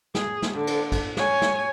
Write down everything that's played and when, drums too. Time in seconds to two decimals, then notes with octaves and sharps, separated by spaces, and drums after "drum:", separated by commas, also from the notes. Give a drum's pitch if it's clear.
0.15 G#4, drum: snare
0.42 drum: snare
0.54 D3
0.67 drum: cymbal
0.92 drum: kick, cymbal
1.17 C#5 G#5, drum: snare
1.42 drum: snare